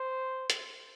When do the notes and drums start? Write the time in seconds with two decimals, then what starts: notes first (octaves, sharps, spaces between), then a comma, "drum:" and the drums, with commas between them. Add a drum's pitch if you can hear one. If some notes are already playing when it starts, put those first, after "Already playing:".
Already playing: C5
0.50 drum: hi-hat